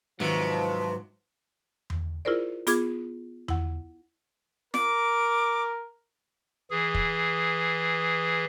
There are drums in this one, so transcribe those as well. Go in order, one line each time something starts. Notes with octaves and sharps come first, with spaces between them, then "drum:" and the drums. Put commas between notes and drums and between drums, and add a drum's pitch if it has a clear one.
G#2 C3 D#3 F3 F#3 B4
drum: tom E2
E4 F4 G#4 A#4 C5 D5
B3 F4 G#4 D6 G#6, drum: hi-hat
E4 F#5, drum: tom E2
A#4 D6, drum: snare
E3 G#4
drum: kick